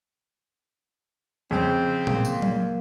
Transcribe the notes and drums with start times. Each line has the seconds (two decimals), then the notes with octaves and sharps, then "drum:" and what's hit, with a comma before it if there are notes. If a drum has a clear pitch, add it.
1.51 F2 C#3 C4
2.07 G#3 A#3, drum: tom A#2
2.25 drum: tambourine
2.42 drum: tom F#3